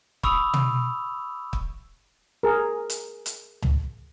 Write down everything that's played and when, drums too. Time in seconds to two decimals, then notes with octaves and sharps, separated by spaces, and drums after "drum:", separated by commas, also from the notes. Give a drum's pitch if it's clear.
0.23 B5 C#6 D#6 E6 F7, drum: kick
0.54 drum: tom
1.53 drum: kick
2.43 G#4 A#4
2.90 drum: hi-hat
3.26 drum: hi-hat
3.62 drum: tom C#2